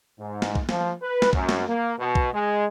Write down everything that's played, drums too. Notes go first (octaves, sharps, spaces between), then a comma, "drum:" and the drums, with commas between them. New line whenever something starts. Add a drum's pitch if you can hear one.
G#2
drum: snare
drum: kick
F3, drum: snare
B4
drum: snare
F#2, drum: kick
drum: snare
A#3
B2
drum: kick
G#3